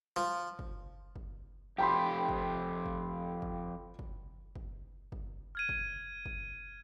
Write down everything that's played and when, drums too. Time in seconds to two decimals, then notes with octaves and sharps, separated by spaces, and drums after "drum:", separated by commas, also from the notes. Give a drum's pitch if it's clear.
0.16 F3
0.59 drum: kick
1.16 drum: kick
1.78 F2 G4 G5 B5 C6
2.29 drum: kick
2.86 drum: kick
3.42 drum: kick
3.99 drum: kick
4.56 drum: kick
5.12 drum: kick
5.55 F6 G#6 D#7
5.69 drum: kick
6.26 drum: kick